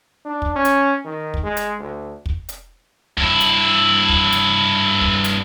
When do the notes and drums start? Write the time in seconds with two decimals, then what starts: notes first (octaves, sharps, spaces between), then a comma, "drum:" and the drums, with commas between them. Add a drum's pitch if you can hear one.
0.25 D4
0.42 drum: kick
0.55 C#4
0.65 drum: hi-hat
1.05 D#3
1.34 drum: kick
1.43 G#3
1.57 drum: hi-hat
1.79 D2
2.26 drum: kick
2.49 drum: hi-hat
3.17 G2 E4, drum: kick
3.40 drum: hi-hat
4.09 drum: kick
4.32 drum: hi-hat
5.01 drum: kick
5.24 drum: hi-hat